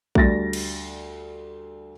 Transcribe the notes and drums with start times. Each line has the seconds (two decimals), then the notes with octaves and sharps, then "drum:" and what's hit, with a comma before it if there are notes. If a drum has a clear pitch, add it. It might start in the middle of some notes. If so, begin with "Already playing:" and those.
0.15 D2 G3 A6 A#6, drum: kick A#1
0.53 drum: cymbal